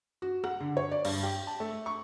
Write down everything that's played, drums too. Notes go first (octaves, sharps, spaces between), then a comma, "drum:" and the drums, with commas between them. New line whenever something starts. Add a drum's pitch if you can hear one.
F#4
F#5, drum: rim click
D3
C#5
D5
G2, drum: cymbal
G4
A5
A3
C#6